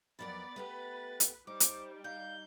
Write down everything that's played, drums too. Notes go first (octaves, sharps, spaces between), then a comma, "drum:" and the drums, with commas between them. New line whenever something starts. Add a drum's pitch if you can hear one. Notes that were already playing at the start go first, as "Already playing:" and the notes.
F2 F#3 B3 A#4 D5 B5 A6
A3 B3 G4 B4
drum: hi-hat
G3 D#4 C5 D6
drum: hi-hat
D#4 F5 G6